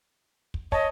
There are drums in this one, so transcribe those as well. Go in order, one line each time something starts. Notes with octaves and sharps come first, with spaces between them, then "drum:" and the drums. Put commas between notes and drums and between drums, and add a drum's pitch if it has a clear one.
drum: kick
C#5 D#5 A5, drum: kick